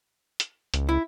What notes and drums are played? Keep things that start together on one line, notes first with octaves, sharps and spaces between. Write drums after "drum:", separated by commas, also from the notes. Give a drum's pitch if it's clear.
drum: hi-hat
C#2, drum: hi-hat
E4